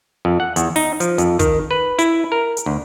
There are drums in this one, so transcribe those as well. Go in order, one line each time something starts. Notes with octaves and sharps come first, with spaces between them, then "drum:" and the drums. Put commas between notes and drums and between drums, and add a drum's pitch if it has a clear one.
F2
F#5
E2, drum: hi-hat
D#4, drum: open hi-hat
F3, drum: hi-hat
F2, drum: hi-hat
D#3, drum: kick, hi-hat
B4
E4, drum: hi-hat
A#4
drum: hi-hat
D2